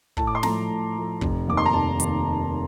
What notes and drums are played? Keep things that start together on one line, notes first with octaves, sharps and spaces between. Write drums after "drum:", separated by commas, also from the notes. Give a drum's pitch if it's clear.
A2 A5, drum: kick
D6
C6
F3 A3 A#5, drum: snare
A2
F3 A3
F1, drum: kick
D#2 D#3 D6
C6
A#5
F1 A5
D#2 D#3, drum: hi-hat